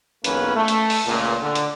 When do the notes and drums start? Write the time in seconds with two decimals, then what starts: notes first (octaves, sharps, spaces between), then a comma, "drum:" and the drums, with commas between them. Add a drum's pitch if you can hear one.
0.24 B1 E2 A#3 C#4 B4, drum: hi-hat
0.55 A3
0.68 drum: hi-hat
0.90 drum: open hi-hat
1.06 C#2 A#2
1.42 D3
1.55 drum: hi-hat